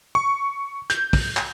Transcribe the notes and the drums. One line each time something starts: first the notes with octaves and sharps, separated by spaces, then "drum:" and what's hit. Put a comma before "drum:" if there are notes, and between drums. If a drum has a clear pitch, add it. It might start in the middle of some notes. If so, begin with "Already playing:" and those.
C#6
G6, drum: hi-hat
drum: kick, open hi-hat
drum: clap